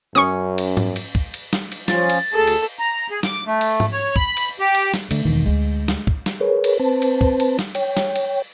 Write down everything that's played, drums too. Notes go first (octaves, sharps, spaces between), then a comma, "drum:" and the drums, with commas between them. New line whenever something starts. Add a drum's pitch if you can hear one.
F#2 C#4 C#6 D#6
drum: cymbal
drum: tom G#2
drum: cymbal
drum: kick
drum: cymbal
drum: snare
drum: cymbal
F3 C#4 F4 A6, drum: snare
drum: cymbal
D2 G#4 A4
drum: cymbal
A#5
G#4
D6, drum: snare
A3
drum: cymbal
drum: tom G#2
C#5
B5, drum: kick
drum: cymbal
G4
drum: cymbal
drum: snare
D3 A3, drum: cymbal
E1 D2 D#3 E3
D2 D3 G#3
drum: snare
drum: kick
drum: snare
G#4 A#4 B4 C#5
drum: cymbal
C4 B4 C5 A5
drum: cymbal
drum: kick
drum: cymbal
drum: snare
C#5 G5, drum: cymbal
drum: snare
drum: cymbal